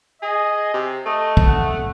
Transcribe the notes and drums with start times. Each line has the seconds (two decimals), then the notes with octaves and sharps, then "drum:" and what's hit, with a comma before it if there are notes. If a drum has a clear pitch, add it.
0.22 G#4 D#5
0.74 C3
1.06 A3 D#5
1.37 drum: kick
1.46 F#5